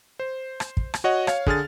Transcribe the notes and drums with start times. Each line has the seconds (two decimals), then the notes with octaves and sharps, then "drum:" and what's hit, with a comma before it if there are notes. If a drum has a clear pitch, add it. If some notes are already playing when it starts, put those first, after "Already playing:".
0.20 C5
0.60 drum: rim click
0.77 drum: kick
0.94 drum: rim click
1.04 F#4 C#5 D#5 F#5
1.27 C#5 F5, drum: rim click
1.46 D3 G#4 F6 A6, drum: kick